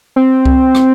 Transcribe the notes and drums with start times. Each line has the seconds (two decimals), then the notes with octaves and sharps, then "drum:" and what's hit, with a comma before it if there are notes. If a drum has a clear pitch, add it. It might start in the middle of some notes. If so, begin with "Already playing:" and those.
0.16 C4
0.45 drum: kick C2
0.75 drum: rim click